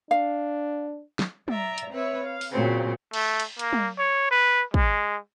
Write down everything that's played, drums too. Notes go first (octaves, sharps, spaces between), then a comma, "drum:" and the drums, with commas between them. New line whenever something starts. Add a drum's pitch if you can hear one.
D4 F5
drum: snare
D5 E5 A#5, drum: tom
drum: hi-hat
C4 B4 C#5 E5
F5
drum: open hi-hat
A#2 C#3 F#3 C4
A3, drum: cymbal
drum: cymbal
A#3, drum: hi-hat
drum: tom
C#5
B4
G#3, drum: kick